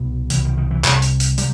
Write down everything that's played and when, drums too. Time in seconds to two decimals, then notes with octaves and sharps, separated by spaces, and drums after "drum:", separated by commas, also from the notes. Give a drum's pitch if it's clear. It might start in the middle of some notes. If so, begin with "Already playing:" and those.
Already playing: C2 B2
0.30 C2 B2 E3, drum: hi-hat
0.44 D#3
0.57 D#3
0.71 E3
0.84 C2 C3, drum: clap
1.02 drum: hi-hat
1.20 drum: hi-hat
1.38 C3 G3, drum: hi-hat